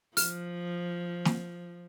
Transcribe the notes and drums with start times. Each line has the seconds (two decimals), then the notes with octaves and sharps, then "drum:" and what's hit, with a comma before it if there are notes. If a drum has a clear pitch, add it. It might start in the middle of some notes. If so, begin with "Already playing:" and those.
0.17 F3 F6, drum: open hi-hat
1.25 drum: snare